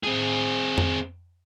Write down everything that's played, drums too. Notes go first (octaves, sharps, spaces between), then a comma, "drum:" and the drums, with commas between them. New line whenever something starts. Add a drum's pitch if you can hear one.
C4 G#4
drum: tom F2